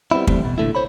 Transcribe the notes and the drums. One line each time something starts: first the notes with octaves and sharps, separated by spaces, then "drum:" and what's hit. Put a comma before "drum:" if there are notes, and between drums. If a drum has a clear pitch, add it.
G3 B3 C4 D#4 E4
E3 G3 A3 C4, drum: kick
B2
A#2 D3 A3 E4
C5 C#5 B5